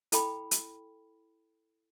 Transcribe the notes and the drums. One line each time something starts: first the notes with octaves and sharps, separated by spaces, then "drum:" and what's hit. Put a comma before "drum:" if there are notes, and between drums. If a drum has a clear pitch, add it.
E4 A4 G5 B5, drum: hi-hat
drum: hi-hat